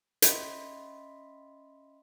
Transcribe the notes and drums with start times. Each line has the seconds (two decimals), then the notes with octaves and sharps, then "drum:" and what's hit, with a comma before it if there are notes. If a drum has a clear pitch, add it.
0.22 C#4 D#5 E5 B5 C6 B6, drum: hi-hat